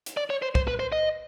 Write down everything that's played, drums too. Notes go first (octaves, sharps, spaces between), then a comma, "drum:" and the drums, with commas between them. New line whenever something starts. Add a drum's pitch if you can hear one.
drum: hi-hat
D5
C#5
C5
C5, drum: kick
B4
C5
D#5